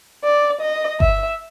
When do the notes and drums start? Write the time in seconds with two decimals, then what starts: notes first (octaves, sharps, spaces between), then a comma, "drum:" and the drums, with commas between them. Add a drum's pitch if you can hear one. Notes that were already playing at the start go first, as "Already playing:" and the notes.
0.24 D5
0.61 D#5
1.00 E5, drum: kick G1